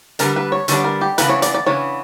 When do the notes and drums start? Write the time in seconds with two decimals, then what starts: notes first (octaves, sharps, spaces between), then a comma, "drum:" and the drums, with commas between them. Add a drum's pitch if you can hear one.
0.19 D3 G3 B3 D4 A#4, drum: hi-hat
0.36 B4
0.52 C#5
0.68 D3 G3 B3 D4 C#5, drum: hi-hat
0.84 A#4
1.01 G4
1.18 C#3 E3 B3 D4 B4, drum: hi-hat
1.29 C#5
1.42 D5, drum: hi-hat
1.54 D5
1.66 C#3 E3 B3 D4 C#5